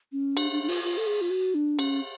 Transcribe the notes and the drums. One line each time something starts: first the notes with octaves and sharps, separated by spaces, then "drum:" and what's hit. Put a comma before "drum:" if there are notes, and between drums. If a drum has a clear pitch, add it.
C#4
D4, drum: cymbal
D4
D4
F4, drum: open hi-hat
F4
A4
G#4
F4
F#4
D4
C#4, drum: cymbal